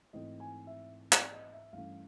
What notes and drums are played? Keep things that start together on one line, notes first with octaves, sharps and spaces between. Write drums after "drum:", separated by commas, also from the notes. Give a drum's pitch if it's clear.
G#2 E3 A3 C4 D#5
G#5
E5
D5, drum: clap
D#5
E5
G2 E3 A3 C#4 F5